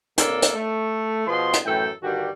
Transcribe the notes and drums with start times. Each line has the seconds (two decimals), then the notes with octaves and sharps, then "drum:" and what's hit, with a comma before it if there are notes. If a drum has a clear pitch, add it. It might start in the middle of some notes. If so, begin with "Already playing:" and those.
0.18 G2 C3 A#3 A4 C#5 D5, drum: hi-hat
0.42 drum: hi-hat
0.54 A3
1.28 B2 F3 B3 G#4 C6
1.54 drum: hi-hat
1.66 F#2 A2 E3 A4 G5
2.03 G2 D3 D#3 G3 F#4 G4